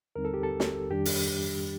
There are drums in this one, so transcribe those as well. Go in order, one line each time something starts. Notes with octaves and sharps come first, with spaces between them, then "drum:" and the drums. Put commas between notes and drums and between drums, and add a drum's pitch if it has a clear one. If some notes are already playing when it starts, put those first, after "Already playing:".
D#2 D3 G3 C4 D#4 A#4
A4
G4
A4
drum: snare
F2 D#3 G3 D4 G4
drum: open hi-hat